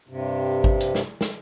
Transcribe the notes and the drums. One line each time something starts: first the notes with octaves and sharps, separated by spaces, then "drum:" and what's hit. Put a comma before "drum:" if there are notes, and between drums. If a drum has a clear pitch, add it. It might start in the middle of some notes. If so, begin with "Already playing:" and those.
G2 C3
drum: kick G#1
drum: hi-hat
drum: snare
drum: snare